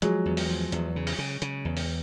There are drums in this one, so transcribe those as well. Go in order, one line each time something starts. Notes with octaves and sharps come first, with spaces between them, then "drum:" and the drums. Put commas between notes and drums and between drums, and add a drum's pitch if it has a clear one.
F3 F#3 G#3, drum: hi-hat
E2
drum: open hi-hat
F3
E2, drum: hi-hat
C#3
drum: open hi-hat
C#3
C#3, drum: hi-hat
E2
drum: open hi-hat